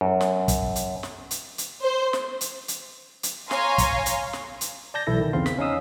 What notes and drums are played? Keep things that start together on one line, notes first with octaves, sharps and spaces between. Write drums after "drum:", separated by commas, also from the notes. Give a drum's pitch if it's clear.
F#2
drum: snare
drum: kick, hi-hat
drum: hi-hat
drum: snare
drum: hi-hat
drum: hi-hat
C5
drum: snare
drum: hi-hat
drum: hi-hat
drum: hi-hat
C#5 F5 G#5 A#5 C6, drum: snare
drum: kick, hi-hat
drum: hi-hat
drum: snare
drum: hi-hat
D5 A5 G6 A#6
B1 E3 E4 A4 A#6
D#3
E2 C#3 C4 F5 C6
B6, drum: snare
C#4 D#4 F5 D#6 E6